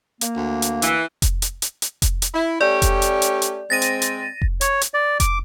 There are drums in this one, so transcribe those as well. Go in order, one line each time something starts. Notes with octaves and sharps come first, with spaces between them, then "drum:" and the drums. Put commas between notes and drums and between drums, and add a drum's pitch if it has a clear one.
A#3, drum: hi-hat
D2
drum: hi-hat
E3, drum: hi-hat
drum: kick F1, hi-hat
drum: hi-hat
drum: hi-hat
drum: hi-hat
drum: kick F1, hi-hat
drum: hi-hat
E4
A3 C#4 G4 D5
drum: kick F1, hi-hat
drum: hi-hat
drum: hi-hat
drum: hi-hat
G#3 C4 A6 A#6 D#7
drum: hi-hat
drum: hi-hat
drum: kick F1
C#5, drum: hi-hat
drum: hi-hat
D5
D6, drum: kick F1, hi-hat